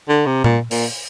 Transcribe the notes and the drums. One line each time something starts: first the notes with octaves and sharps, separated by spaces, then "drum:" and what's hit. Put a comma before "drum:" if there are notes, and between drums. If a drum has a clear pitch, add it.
D3
C3
A#2, drum: tom A#2
A#2, drum: open hi-hat